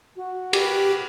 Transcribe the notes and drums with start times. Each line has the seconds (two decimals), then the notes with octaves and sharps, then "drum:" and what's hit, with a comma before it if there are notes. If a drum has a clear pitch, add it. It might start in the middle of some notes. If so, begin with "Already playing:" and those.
0.16 F#4
0.53 G4 A#4 B4, drum: cymbal